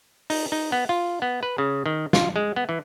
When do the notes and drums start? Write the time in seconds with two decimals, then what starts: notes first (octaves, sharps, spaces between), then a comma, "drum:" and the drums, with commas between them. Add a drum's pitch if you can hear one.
0.30 D#4, drum: open hi-hat
0.52 D#4
0.72 B3
0.89 F4
1.22 B3
1.43 B4
1.58 C#3
1.86 D#3
2.13 F4, drum: snare
2.36 G#3
2.56 B3
2.69 E3